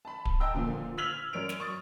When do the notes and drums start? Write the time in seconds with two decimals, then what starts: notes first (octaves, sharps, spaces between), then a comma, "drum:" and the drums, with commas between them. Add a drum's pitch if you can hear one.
0.05 A5 B5
0.25 drum: kick D1
0.40 D#5 G5 A5 A#5 E6
0.54 A#2 D3 F3 A#3
0.98 E6 F6 G#6 B6 F7 F#7
1.33 F#2 A#4 C#5 D5 D7 F7
1.49 drum: snare
1.60 C#6 D#6 A6